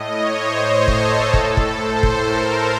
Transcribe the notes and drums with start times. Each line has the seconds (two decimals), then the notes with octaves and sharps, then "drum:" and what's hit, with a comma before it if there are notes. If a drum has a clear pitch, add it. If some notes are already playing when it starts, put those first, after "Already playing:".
Already playing: A2 D#5
0.12 C#5
0.42 C5
0.88 A4, drum: kick
1.34 A2 A4, drum: kick
1.57 drum: kick
1.80 C5
2.03 drum: kick
2.26 A#4